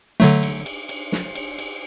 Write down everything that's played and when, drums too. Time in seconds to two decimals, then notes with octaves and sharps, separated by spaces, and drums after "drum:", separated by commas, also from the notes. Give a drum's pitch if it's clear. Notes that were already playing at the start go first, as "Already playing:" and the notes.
0.20 D3 F#3 A3, drum: snare
0.43 drum: cymbal
0.66 drum: cymbal
0.89 drum: cymbal
1.12 drum: snare
1.35 drum: cymbal
1.59 drum: cymbal